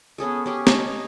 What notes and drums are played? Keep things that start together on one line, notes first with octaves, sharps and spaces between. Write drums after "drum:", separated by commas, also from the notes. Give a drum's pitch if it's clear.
B3 C#4 G#4 A4
C#4 G4 G#4
C#5 D#5 A5, drum: snare